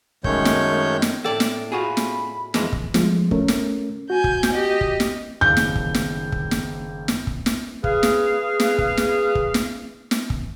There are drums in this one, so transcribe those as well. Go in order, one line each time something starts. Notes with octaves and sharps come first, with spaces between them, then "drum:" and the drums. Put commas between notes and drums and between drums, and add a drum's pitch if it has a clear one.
F#2 D#3 G#3 A3 C#5 G6, drum: kick
drum: snare
drum: snare
A2 A4 D5 G5 A5
drum: snare
F4 F#4 G#4 B5
drum: snare
F2 E3 G#3 F4, drum: snare
drum: kick
F3 G#3 A3, drum: snare
A3 C#4 A#4, drum: kick
drum: snare
F#4 G#5 G6
drum: kick
drum: snare
G4 D#5
drum: kick
drum: snare
F#1 D#2 G6
drum: snare
drum: kick
drum: snare
drum: kick
drum: snare
drum: snare
drum: kick
drum: snare
G#4 B4 F5, drum: kick
drum: snare
drum: snare
drum: kick
drum: snare
drum: kick
drum: snare
drum: snare
drum: kick